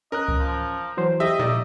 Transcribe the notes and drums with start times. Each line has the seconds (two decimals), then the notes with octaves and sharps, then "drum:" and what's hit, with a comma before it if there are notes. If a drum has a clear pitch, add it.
0.12 C#4 A#4 D#5 A#5 F#6
0.28 drum: kick C#2
0.39 F3
0.97 E3 F#3 C5
1.20 G4 D#5 E5
1.39 D#4 D5 E6, drum: tom A#2